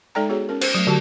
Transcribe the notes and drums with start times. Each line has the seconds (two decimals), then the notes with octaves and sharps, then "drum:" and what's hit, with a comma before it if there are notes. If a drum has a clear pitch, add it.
0.15 G#3 D#4 A4 D5 G5 A#5
0.29 B3 F#4 G#4 C#5
0.49 C#4 A#4
0.61 C5, drum: cymbal
0.75 F#3 A3
0.87 D3 F#3 F#4 G4 D5 A5